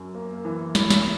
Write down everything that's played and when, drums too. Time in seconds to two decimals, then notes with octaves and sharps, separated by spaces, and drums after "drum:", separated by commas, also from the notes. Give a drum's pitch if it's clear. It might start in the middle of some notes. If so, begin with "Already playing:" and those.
Already playing: F#2
0.15 A#3
0.45 E3
0.75 E4, drum: snare
0.90 drum: snare